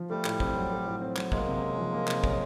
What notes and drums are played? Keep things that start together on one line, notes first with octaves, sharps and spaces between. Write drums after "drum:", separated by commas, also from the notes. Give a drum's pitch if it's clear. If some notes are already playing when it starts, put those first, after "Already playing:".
Already playing: F3
G3 A3
A2, drum: clap
C4, drum: kick
F#3
A3
A2
C4
F#3, drum: clap
G#3 A#3, drum: kick
C3
C#4
F3
A#3
C3, drum: clap
C#4, drum: kick